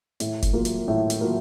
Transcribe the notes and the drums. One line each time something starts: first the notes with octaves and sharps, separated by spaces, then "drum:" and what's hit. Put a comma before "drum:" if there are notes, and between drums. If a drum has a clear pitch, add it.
A2, drum: hi-hat
drum: kick F1, hi-hat
F#3 A#3 F4 A#4
drum: hi-hat
A2
drum: hi-hat
F#3 A#3 F4 A#4